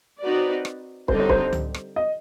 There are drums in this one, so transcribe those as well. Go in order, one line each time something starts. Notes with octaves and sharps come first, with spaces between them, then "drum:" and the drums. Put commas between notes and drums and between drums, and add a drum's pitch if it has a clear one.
C4 D#4 F#4 B4 D5
drum: rim click
D3 G3 C4 D#4 C5, drum: kick
C#5
C5, drum: kick
drum: tom C#2
drum: rim click
D#5